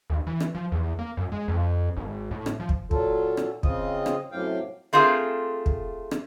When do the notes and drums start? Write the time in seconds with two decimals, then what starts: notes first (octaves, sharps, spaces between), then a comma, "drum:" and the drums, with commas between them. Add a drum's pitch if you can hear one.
0.10 D#2
0.27 E3
0.40 drum: rim click
0.55 F3
0.72 E2
0.99 A#3
1.17 F#2
1.32 G#3
1.48 F2
1.97 G#1
2.31 A2
2.46 drum: rim click
2.60 F3
2.69 drum: kick
2.91 A#2 F#3 F4 A4, drum: kick
3.37 drum: rim click
3.63 C#3 C4 F4 D#5, drum: kick
4.06 drum: rim click
4.32 F#2 A2 C3 F5 G5
4.93 A3 C4 F4 G#4 A#4
5.66 drum: kick
6.11 drum: rim click